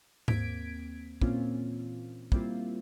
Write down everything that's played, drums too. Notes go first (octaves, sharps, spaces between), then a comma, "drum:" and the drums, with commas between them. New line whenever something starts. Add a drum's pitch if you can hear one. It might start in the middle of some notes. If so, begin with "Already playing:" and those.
D#2 A#3 C4 G#6 B6 D7, drum: tom G#2
A#2 E3 A#3 C4 C#4 F4, drum: kick
G3 A#3 C4 E4 F4, drum: kick